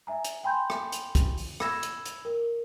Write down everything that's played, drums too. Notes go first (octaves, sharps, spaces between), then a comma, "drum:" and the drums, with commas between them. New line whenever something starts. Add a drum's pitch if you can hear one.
E5 G#5 A#5
drum: hi-hat
G5 G#5 B5 C6 G6
drum: rim click
drum: hi-hat
drum: kick, hi-hat
drum: open hi-hat
B5 E6 G#6 A#6 E7, drum: rim click
drum: hi-hat
drum: hi-hat
A#4